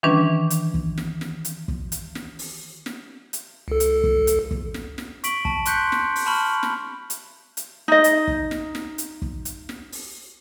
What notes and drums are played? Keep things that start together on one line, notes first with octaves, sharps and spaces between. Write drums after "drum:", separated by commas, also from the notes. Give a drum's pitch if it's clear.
D#3 E3 G3 C#4 D4 B4
drum: hi-hat
drum: kick
drum: snare
drum: snare
drum: hi-hat
drum: kick
drum: hi-hat
drum: snare
drum: open hi-hat
drum: snare
drum: hi-hat
C#2 A4
drum: hi-hat
drum: kick
drum: hi-hat
drum: kick
drum: snare
drum: snare
C#6 B6 D7 F#7, drum: hi-hat
A5, drum: kick
C6 C#6 F#6 G6 B6 C#7, drum: hi-hat
drum: snare
drum: open hi-hat
A5 B5 C#6 F6 F#7
drum: snare
drum: hi-hat
drum: hi-hat
D#4 D#5
drum: hi-hat
drum: kick
drum: snare
drum: snare
drum: hi-hat
drum: kick
drum: hi-hat
drum: snare
drum: open hi-hat